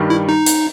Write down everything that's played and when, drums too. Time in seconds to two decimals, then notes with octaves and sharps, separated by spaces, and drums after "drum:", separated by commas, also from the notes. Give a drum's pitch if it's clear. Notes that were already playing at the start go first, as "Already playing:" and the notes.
Already playing: G2 D#3 G3
0.10 E4
0.29 D#4
0.46 drum: hi-hat